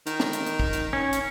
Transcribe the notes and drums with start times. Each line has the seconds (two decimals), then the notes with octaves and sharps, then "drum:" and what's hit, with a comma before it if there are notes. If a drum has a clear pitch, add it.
0.06 D#3, drum: hi-hat
0.20 drum: snare
0.33 drum: hi-hat
0.46 drum: hi-hat
0.60 drum: kick
0.73 drum: hi-hat
0.93 C#4
1.13 drum: hi-hat